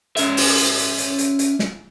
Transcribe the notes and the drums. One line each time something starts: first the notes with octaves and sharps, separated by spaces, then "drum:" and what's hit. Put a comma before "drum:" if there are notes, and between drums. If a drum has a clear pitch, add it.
C#4 E5, drum: hi-hat
drum: open hi-hat
drum: hi-hat
drum: hi-hat
drum: hi-hat
drum: hi-hat
drum: hi-hat
drum: snare